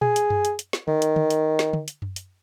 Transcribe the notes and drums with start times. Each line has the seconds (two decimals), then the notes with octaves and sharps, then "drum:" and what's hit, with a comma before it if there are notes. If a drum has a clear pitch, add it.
0.02 G#4, drum: tom A#2
0.16 drum: hi-hat
0.30 drum: tom F#2
0.45 drum: hi-hat
0.59 drum: hi-hat
0.73 drum: snare
0.88 D#3, drum: tom
1.02 drum: hi-hat
1.16 drum: tom
1.30 drum: hi-hat
1.59 drum: snare
1.73 drum: tom
1.88 drum: hi-hat
2.02 drum: tom F#2
2.16 drum: hi-hat